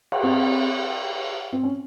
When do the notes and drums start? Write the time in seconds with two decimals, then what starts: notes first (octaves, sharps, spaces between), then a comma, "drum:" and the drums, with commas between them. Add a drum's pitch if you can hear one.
0.12 drum: cymbal
0.23 C4
1.52 C4
1.63 C#4